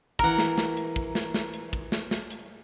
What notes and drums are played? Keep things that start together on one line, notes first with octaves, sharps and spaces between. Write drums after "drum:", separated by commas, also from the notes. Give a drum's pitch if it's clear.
E3 A#4 F#5 A#5, drum: kick
drum: snare
drum: snare
drum: hi-hat
drum: kick
drum: snare
drum: snare
drum: hi-hat
drum: kick
drum: snare
drum: snare
drum: hi-hat